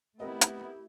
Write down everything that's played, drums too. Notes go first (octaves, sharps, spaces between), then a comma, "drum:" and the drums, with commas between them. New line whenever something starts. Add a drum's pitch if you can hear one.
A3 B3 C4 E4 G4 A#4 D#5
drum: hi-hat